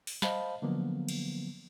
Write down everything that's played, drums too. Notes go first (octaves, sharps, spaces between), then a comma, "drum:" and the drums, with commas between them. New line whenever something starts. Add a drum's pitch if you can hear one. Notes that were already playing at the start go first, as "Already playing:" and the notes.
drum: open hi-hat
C5 D#5 F5 A5 B5, drum: snare
D3 F3 F#3 A#3 B3
drum: cymbal